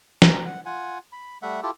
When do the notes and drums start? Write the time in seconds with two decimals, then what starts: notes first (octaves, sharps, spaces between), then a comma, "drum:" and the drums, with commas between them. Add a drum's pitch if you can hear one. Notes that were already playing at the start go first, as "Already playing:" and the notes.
0.22 A#5, drum: snare
0.46 F#5
0.66 F4 F#5 G#5
1.12 B5
1.42 G3 A3 E5 F#5
1.63 E4 F4 G4 A4